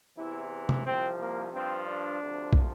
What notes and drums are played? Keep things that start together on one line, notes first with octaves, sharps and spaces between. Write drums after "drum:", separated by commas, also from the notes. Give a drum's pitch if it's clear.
E2 C3 E3 E4
drum: tom
C2 C3 F3 C4
A#3
G2 F3 C4
D4
D2 C3 F3
drum: kick